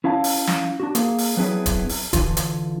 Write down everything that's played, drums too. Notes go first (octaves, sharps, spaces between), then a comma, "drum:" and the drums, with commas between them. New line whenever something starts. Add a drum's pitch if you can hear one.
C#4 E4 F5 A5
drum: open hi-hat
drum: snare
D4 F#4
A#3 G#4, drum: hi-hat
drum: open hi-hat
F#3 B3 C4 D4 E4 G#4
drum: kick D1, hi-hat
drum: open hi-hat
D3 E3 F4, drum: kick D1, hi-hat
drum: hi-hat